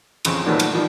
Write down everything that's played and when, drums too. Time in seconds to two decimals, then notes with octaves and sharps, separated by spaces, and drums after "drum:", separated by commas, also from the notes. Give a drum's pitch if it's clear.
0.25 F2 C#3 C4, drum: cymbal
0.46 A#2 D#3 F#3 G3 A3 B3
0.60 drum: cymbal
0.72 D#3 F3 G3